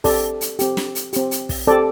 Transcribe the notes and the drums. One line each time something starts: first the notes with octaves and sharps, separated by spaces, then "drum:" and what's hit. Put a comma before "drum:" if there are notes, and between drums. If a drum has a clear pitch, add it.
C4 G4 A4 D5, drum: kick, open hi-hat
drum: hi-hat
C4 G4, drum: hi-hat
drum: snare
drum: hi-hat
C4 G4, drum: hi-hat
drum: hi-hat
drum: kick, open hi-hat
C4 G4 A4 D5